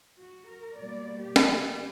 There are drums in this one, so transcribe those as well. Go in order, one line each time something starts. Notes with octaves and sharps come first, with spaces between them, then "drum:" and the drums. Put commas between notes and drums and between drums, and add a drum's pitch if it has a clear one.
F#4
A#4
B2 G3 A#3 D5
G4
drum: snare